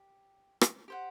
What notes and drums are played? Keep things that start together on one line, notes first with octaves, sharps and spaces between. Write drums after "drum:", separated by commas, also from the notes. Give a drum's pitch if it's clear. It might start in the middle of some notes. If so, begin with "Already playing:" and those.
Already playing: G4
drum: rim click
G4 C5 F#5